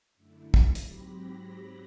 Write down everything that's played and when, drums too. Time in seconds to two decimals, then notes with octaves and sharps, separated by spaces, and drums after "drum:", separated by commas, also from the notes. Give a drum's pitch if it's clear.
0.15 F#2 D3 A3 E4
0.54 drum: kick
0.75 G#2 F#3 C4 G4 B5 A#6, drum: hi-hat